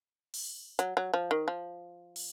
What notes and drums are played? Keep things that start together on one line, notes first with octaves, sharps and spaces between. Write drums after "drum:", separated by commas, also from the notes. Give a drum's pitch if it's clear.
drum: open hi-hat
F#3, drum: hi-hat
F#3
F3
D#3
F3
drum: open hi-hat